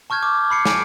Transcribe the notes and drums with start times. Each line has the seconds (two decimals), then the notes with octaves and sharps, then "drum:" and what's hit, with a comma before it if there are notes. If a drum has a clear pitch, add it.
0.10 A5 C#6 F6 G6 G#6
0.23 D6
0.50 B5 C7 C#7
0.65 G#5 D7, drum: snare